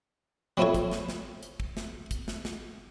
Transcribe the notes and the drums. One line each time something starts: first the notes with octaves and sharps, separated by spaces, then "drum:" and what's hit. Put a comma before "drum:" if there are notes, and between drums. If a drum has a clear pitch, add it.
F#3 C4 E4 F4 A4 C#5
drum: kick, hi-hat
drum: snare
drum: snare
drum: hi-hat
drum: kick
drum: snare
drum: kick, hi-hat
drum: snare
drum: snare